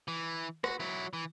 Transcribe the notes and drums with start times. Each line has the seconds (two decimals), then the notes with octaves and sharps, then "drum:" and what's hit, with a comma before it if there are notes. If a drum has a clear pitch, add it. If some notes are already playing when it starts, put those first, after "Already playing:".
0.08 E3
0.64 F#4, drum: rim click
0.80 F#3 E4
1.13 E3